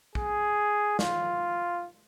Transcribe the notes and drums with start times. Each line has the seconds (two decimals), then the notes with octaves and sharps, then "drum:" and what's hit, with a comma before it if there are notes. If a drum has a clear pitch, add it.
0.15 G#4, drum: kick
0.99 F4, drum: snare